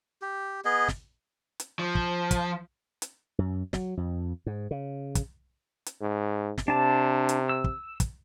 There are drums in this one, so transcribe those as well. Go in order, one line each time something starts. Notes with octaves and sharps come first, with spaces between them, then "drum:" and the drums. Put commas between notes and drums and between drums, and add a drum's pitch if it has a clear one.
G4
B3 G#4 D#5
drum: snare
drum: hi-hat
F3
drum: kick
drum: kick, hi-hat
drum: hi-hat
F#2
F#3, drum: snare
F2
G#2
C#3
drum: kick, hi-hat
drum: hi-hat
G#2
drum: snare
C3 D4 A5
drum: hi-hat
E6
drum: kick
drum: kick, hi-hat